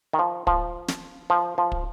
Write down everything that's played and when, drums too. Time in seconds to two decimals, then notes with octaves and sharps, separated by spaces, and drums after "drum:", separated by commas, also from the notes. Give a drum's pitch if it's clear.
0.13 D#3
0.19 F3
0.47 F3, drum: kick
0.88 drum: snare
1.30 F3
1.58 F3
1.72 drum: kick